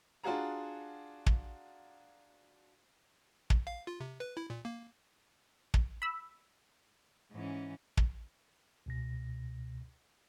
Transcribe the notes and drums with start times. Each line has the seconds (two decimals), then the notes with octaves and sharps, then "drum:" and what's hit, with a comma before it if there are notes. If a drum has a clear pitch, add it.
0.24 D4 F4 F#4 G#4 A#5
1.26 drum: kick
3.50 drum: kick
3.67 F5
3.87 F4
4.00 C3
4.20 B4
4.37 E4
4.50 A#2
4.65 A#3
5.74 drum: kick
6.02 B5 E6
7.32 G#2 E3 C#4
7.97 drum: kick
8.86 C#2 B2 A#6